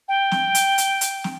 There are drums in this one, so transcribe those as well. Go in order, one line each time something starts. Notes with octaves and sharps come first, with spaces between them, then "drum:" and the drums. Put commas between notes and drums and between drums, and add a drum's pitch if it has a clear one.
G5
drum: snare
drum: hi-hat
drum: hi-hat
drum: hi-hat
drum: snare